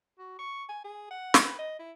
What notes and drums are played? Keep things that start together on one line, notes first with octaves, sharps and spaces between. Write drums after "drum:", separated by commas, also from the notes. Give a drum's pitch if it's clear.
F#4
C#6
G#5
G#4
F#5
drum: snare
B4
D#5
E4